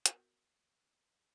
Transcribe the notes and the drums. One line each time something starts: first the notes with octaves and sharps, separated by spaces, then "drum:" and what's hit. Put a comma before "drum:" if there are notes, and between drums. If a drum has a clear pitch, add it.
B3 F#4 A#4 D#6 G6, drum: hi-hat